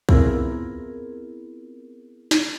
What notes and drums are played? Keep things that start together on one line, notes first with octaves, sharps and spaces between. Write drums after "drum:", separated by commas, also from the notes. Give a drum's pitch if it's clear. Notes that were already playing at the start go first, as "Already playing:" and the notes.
B3 C4 E4 F4 G#4 A#4, drum: kick
drum: snare